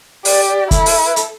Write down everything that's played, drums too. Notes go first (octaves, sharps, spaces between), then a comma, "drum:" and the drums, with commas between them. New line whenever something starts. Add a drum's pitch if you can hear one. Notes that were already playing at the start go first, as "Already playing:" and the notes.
G4 D5, drum: open hi-hat
D5
E4 A4, drum: kick, hi-hat
drum: open hi-hat
B4
A4, drum: hi-hat